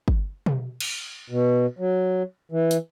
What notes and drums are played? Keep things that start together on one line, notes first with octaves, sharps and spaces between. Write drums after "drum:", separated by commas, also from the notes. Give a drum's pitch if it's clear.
drum: kick G1
drum: tom B2
drum: cymbal
B2
F#3
E3
drum: hi-hat